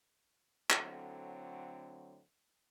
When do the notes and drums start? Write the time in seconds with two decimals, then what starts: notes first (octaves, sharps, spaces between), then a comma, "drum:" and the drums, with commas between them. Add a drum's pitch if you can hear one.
0.70 A2 D3 F#3 C4, drum: clap